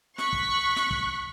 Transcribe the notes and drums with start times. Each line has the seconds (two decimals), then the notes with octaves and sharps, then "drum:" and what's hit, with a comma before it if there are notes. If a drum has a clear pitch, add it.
0.18 C#6 F#6 B6, drum: snare
0.33 drum: kick
0.76 drum: snare
0.91 drum: kick